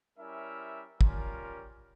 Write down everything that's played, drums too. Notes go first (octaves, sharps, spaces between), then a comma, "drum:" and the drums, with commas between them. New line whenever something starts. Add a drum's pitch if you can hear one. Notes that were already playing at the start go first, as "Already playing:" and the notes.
G3 C#4 E4 A#4 E5
G3 C#4 F4 A#4, drum: kick